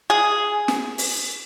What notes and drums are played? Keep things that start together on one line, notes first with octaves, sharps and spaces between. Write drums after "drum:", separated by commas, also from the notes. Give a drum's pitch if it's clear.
G#4
drum: snare
drum: open hi-hat